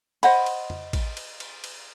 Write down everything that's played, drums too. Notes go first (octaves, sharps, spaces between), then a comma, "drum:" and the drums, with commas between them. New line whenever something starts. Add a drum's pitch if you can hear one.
C5 D#5 F#5 B5, drum: cymbal
drum: cymbal
drum: tom F2
drum: kick A1, cymbal
drum: cymbal
drum: cymbal
drum: cymbal